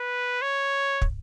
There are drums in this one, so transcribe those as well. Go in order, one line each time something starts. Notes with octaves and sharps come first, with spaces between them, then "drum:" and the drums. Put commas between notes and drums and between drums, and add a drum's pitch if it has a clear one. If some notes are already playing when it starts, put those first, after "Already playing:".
Already playing: B4
C#5
drum: kick